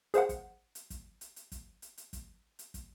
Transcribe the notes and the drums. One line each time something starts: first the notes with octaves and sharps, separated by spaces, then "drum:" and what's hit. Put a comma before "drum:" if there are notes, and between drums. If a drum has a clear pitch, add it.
G#4 C5 F5 F#5, drum: hi-hat
drum: kick, hi-hat
drum: hi-hat
drum: kick, hi-hat
drum: hi-hat
drum: hi-hat
drum: kick, hi-hat
drum: hi-hat
drum: hi-hat
drum: kick, hi-hat
drum: hi-hat
drum: kick, hi-hat